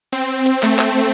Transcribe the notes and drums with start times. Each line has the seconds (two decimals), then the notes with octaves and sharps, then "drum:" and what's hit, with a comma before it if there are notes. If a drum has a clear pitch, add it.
0.12 C4, drum: open hi-hat
0.46 drum: hi-hat
0.63 A3, drum: clap
0.79 drum: clap